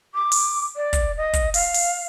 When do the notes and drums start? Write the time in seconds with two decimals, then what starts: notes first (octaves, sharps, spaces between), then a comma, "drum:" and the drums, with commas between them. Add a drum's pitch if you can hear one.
0.14 D6
0.32 drum: open hi-hat
0.76 D5
0.93 drum: kick, hi-hat
1.17 D#5
1.33 drum: kick, hi-hat
1.54 F5, drum: open hi-hat
1.74 drum: open hi-hat